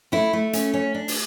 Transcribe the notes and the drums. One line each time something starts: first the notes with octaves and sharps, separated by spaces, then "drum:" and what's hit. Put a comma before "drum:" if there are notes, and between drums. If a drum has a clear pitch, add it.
A3 E4
A3
C#4, drum: hi-hat
C#4
D4
drum: open hi-hat